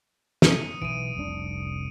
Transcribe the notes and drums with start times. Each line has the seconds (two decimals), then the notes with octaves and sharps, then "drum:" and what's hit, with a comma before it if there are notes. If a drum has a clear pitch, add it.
0.42 D#6 C#7 D#7, drum: snare
0.82 B1 E3 D7 D#7
1.17 F1 C2 D4